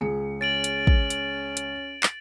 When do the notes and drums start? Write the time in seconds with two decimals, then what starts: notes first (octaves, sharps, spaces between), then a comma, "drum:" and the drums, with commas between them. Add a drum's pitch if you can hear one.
0.01 C#2 G#4 C#7
0.41 C#4 A6 D7 F#7
0.64 drum: hi-hat
0.87 drum: kick
1.10 drum: hi-hat
1.57 drum: hi-hat
2.03 drum: clap